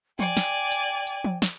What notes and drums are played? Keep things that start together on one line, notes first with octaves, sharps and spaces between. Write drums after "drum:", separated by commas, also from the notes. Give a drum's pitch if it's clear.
D5 G5 G#5, drum: tom F3
drum: snare
drum: hi-hat
drum: hi-hat
drum: tom F3
drum: snare